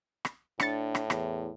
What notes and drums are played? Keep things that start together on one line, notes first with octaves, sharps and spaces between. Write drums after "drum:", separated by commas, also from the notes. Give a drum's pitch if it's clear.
drum: rim click
A2 D4 A6 C#7, drum: rim click
drum: rim click
E2, drum: rim click